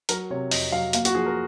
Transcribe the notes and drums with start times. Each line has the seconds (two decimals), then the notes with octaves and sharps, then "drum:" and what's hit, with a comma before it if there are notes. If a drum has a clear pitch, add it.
0.09 F#3 A#4, drum: hi-hat
0.30 C3 C#5
0.51 F2 D#5, drum: open hi-hat
0.72 F#3 F5
0.93 A#3 F5, drum: hi-hat
1.05 F#4, drum: hi-hat
1.15 F3 G#4
1.26 A#4